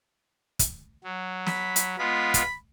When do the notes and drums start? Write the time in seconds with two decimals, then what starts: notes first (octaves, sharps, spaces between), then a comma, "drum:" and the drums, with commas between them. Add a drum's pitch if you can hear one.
0.59 drum: kick, hi-hat
1.04 F#3
1.47 B5, drum: snare
1.76 drum: hi-hat
1.98 G#3 B3 F4 B5
2.34 drum: kick, hi-hat